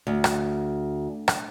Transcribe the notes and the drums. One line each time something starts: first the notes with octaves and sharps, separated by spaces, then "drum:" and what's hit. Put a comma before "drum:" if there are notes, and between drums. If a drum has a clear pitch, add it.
D2
drum: rim click
drum: rim click